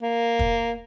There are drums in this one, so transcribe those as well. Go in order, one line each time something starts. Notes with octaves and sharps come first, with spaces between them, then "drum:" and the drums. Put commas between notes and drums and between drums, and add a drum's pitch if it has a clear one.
A#3
drum: kick